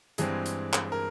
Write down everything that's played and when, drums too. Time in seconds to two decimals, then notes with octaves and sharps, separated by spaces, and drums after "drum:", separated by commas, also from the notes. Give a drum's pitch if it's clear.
0.18 G2 E3 G#3 C4 G#4, drum: hi-hat
0.46 drum: hi-hat
0.73 drum: clap
0.92 A#4